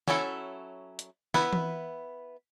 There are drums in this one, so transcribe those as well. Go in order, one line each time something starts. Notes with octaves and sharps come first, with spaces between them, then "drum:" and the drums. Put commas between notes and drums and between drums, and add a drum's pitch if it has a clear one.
F#3 C#4 E4 A4, drum: snare
drum: hi-hat
B3 E4 B4, drum: snare
drum: tom E3